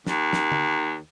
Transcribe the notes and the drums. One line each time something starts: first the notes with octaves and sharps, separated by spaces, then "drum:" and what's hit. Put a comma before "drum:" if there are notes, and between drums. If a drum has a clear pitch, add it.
D#2, drum: snare
drum: snare
drum: tom D3